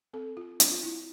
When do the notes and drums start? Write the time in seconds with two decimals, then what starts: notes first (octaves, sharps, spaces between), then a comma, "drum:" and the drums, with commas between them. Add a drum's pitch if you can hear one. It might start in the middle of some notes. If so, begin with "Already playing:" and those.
0.13 C4 A4
0.37 F4
0.60 C4 D4, drum: hi-hat
0.71 F4
0.83 E4